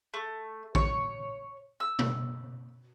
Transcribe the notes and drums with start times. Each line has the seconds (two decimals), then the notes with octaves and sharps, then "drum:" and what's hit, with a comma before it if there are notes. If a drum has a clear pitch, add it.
0.14 A3
0.75 C#5, drum: kick
1.80 E6
1.99 drum: tom B2